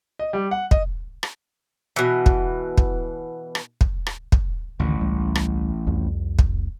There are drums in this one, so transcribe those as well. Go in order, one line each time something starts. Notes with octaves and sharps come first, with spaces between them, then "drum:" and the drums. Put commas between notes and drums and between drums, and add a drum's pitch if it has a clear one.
D#5
G3
F#5
D#5, drum: kick
drum: rim click
B2 E3
drum: kick
drum: kick
drum: rim click
drum: kick
drum: rim click
drum: kick
A1 D2 D3 D#3
C#2 G3
drum: rim click
C2 F2
drum: kick